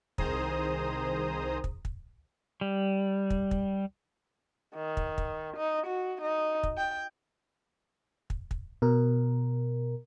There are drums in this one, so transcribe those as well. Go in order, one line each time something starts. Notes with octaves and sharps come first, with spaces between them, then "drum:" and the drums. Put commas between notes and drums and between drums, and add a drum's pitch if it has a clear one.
C2 D#3 G#4 C5 A#5 D#6, drum: kick
drum: kick
drum: kick
G3
drum: kick
drum: kick
D#3
drum: kick
drum: kick
D#4
F#4
D#4
drum: kick
G5
drum: kick
drum: kick
B2 A#4